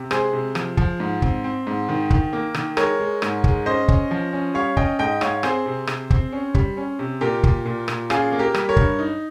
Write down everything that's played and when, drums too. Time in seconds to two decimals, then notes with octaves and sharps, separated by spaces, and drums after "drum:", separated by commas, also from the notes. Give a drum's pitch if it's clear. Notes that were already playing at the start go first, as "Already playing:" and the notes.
Already playing: C3
0.11 G#3 G#4 C5, drum: rim click
0.33 C3
0.55 F3, drum: rim click
0.77 F3, drum: kick
1.00 G#2
1.22 C4, drum: kick
1.44 C4
1.67 G#2
1.89 D#3
2.10 D#3, drum: kick
2.33 A#3
2.54 D#3, drum: rim click
2.77 G#3 A#4 C#5, drum: rim click
2.99 G#3
3.22 G#2, drum: rim click
3.44 G#3, drum: kick
3.66 C#4 C5 D#5
3.88 C#4, drum: kick
4.11 F3
4.33 C#4
4.54 G3 C#5 F5
4.77 C#4 D#5 G5, drum: kick
4.99 G#2 D#5 G5
5.21 G#2 C#5 F5, drum: rim click
5.43 C4 G#4 C5, drum: rim click
5.66 C3
5.87 C3, drum: rim click
6.10 C4, drum: kick
6.32 C#4
6.55 G3, drum: kick
6.77 C#4
6.99 C3
7.21 A#2 G4 A#4
7.43 A#2, drum: kick
7.65 A#2
7.88 A#2, drum: rim click
8.10 C#4 F4 G#4, drum: rim click
8.32 A#3
8.39 G4 A#4
8.54 G3, drum: rim click
8.69 A#4 C#5
8.77 G2, drum: kick
8.99 D#4